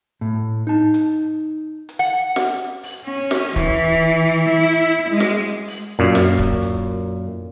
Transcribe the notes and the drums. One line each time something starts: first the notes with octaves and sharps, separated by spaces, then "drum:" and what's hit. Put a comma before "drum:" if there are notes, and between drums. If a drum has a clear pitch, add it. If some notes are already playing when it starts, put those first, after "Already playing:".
A2
D#4 A5
drum: hi-hat
drum: hi-hat
F#5
drum: snare
drum: open hi-hat
C#4
drum: snare
E3, drum: kick
drum: hi-hat
E4
drum: hi-hat
G#3
drum: snare
drum: open hi-hat
F#2 A#2
drum: snare
drum: kick
drum: hi-hat